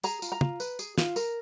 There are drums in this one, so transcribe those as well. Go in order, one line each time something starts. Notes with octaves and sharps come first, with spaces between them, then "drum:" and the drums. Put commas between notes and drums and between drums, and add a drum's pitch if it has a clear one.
G#4 A#5, drum: tambourine
F4, drum: tambourine
A#5
F4, drum: tom
B4, drum: tambourine
G#4, drum: tambourine
F4, drum: snare
A#4, drum: tambourine